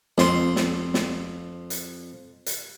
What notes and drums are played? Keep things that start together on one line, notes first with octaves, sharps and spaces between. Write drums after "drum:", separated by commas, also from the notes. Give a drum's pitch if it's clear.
F2 C6, drum: snare
drum: snare
drum: snare
drum: hi-hat
drum: hi-hat